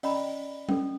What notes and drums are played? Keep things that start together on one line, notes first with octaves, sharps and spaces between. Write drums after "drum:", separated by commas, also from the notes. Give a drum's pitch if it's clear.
C#4 D5 D#5 G5 A#5 B5, drum: open hi-hat
C#4 A4, drum: tom